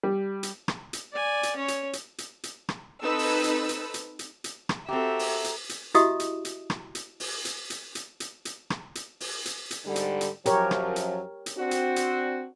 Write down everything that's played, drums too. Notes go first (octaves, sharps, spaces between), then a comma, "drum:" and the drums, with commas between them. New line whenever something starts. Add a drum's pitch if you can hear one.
G3
drum: hi-hat
drum: rim click
drum: hi-hat
D5 G#5
drum: hi-hat
C#4 C#5
drum: hi-hat
drum: hi-hat
drum: hi-hat
drum: hi-hat
drum: rim click
C4 D#4 A4 B4 E6
drum: open hi-hat
drum: hi-hat
drum: hi-hat
drum: hi-hat
drum: hi-hat
drum: hi-hat
drum: rim click
C4 F#4 G4 A4 E5 A#5
drum: open hi-hat
drum: hi-hat
drum: hi-hat
E4 F#4 G4 D#5 E5 D#6, drum: hi-hat
drum: hi-hat
drum: hi-hat
drum: rim click
drum: hi-hat
drum: open hi-hat
drum: hi-hat
drum: hi-hat
drum: hi-hat
drum: hi-hat
drum: hi-hat
drum: rim click
drum: hi-hat
drum: open hi-hat
drum: hi-hat
drum: hi-hat
G#2 D3 G3
drum: hi-hat
drum: hi-hat
F#2 F3 F#3 G4 A#4 C#5, drum: hi-hat
drum: rim click
drum: hi-hat
drum: hi-hat
C4 D4 F#4
drum: hi-hat
drum: hi-hat